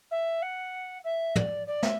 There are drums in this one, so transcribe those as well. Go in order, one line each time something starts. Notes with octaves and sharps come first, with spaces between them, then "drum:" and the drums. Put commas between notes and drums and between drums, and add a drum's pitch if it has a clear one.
E5
F#5
E5
D5, drum: tom
D5
E5, drum: snare